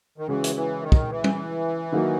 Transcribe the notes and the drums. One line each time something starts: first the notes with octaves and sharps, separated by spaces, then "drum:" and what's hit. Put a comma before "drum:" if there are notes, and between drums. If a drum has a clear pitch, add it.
D#3
C#3 E3 G#3 C#4 F#4
drum: hi-hat
E3
D#3
drum: kick
E3
drum: tom
D#3 F#3 A#3 D#4 F#4